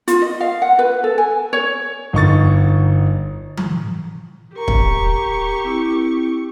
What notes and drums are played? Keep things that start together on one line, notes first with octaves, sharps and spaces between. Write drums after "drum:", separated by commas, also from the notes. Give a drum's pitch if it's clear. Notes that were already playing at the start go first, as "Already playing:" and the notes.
F4, drum: hi-hat
D#5
F5
F#5
B4
A4
G#5
C#5
G1 D#4 C#6 A6
drum: tom E3
G4 A#4 A#5 C#6
drum: kick
C4 E4